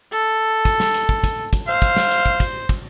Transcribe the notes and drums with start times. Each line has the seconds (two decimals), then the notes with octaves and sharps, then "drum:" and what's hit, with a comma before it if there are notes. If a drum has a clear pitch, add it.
0.12 A4
0.65 drum: kick, hi-hat
0.80 drum: snare
0.94 drum: hi-hat
1.09 drum: kick
1.24 drum: kick, hi-hat
1.53 drum: kick, hi-hat
1.67 C5 F5
1.82 drum: kick, hi-hat
1.96 drum: snare
2.11 drum: hi-hat
2.26 drum: kick
2.40 drum: kick, hi-hat
2.69 drum: kick, hi-hat